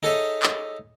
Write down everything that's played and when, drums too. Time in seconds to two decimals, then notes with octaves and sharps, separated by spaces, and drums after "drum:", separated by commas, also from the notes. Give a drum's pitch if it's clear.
0.03 D#4 G#4 A4 C#5 D#5 E5
0.43 drum: clap